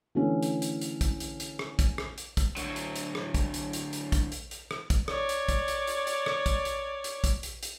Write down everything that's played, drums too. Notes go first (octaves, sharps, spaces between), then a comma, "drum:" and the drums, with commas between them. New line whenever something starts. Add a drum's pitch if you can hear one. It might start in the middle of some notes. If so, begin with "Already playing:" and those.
D3 E3 A3 C#4
drum: hi-hat
drum: hi-hat
drum: hi-hat
drum: kick, hi-hat
drum: hi-hat
drum: hi-hat
drum: rim click
drum: kick, hi-hat
drum: rim click
drum: hi-hat
drum: kick, hi-hat
D2 F#3, drum: hi-hat
drum: hi-hat
drum: hi-hat
drum: rim click
drum: kick, hi-hat
drum: hi-hat
drum: hi-hat
drum: hi-hat
drum: kick, hi-hat
drum: hi-hat
drum: hi-hat
drum: rim click
drum: kick, hi-hat
C#5 D5, drum: rim click
drum: hi-hat
drum: kick, hi-hat
drum: hi-hat
drum: hi-hat
drum: hi-hat
drum: rim click
drum: kick, hi-hat
drum: hi-hat
drum: hi-hat
drum: kick, hi-hat
drum: hi-hat
drum: hi-hat